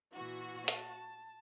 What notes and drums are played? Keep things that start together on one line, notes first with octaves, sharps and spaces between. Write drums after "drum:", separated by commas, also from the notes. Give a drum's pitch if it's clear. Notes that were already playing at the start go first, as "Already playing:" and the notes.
A#2 E3 F#4
A5, drum: hi-hat